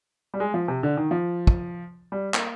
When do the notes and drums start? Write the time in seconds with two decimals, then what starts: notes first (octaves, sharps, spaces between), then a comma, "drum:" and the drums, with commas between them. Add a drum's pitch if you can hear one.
0.34 G3
0.40 G#3
0.54 F3
0.68 C3
0.83 D3
0.97 D#3
1.11 F3
1.47 drum: kick
2.12 G3
2.34 A#3, drum: clap